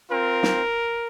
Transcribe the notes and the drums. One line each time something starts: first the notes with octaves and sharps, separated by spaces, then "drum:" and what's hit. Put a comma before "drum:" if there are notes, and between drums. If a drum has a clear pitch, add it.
C4 F4 A#4
drum: snare